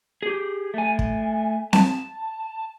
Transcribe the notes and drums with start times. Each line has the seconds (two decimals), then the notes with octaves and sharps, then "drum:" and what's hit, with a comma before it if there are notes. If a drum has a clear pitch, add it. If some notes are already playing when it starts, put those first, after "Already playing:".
0.23 G4 G#4
0.74 A3 G#5
0.99 drum: kick
1.73 A5, drum: snare C4